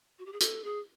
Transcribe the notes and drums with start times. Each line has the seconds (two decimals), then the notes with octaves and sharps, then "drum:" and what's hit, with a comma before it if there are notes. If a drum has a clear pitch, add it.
0.19 F#4
0.26 G4
0.33 G#4
0.40 A4, drum: hi-hat
0.64 G#4